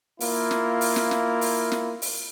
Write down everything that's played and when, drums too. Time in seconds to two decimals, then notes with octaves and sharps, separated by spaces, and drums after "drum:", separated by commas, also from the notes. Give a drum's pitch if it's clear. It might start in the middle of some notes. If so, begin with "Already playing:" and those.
0.20 A#3 E4 F4, drum: open hi-hat
0.51 drum: snare
0.81 drum: open hi-hat
0.96 drum: snare
1.11 drum: snare
1.41 drum: open hi-hat
1.72 drum: snare
2.02 drum: open hi-hat